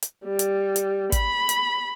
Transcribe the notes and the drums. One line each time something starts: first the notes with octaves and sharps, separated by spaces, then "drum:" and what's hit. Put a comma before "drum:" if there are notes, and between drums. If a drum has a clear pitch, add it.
drum: hi-hat
G3
drum: hi-hat
drum: hi-hat
B5, drum: kick, hi-hat
drum: hi-hat